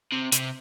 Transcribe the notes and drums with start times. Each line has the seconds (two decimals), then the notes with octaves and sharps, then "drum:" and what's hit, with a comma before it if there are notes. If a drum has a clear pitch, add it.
0.12 C3
0.32 C3, drum: hi-hat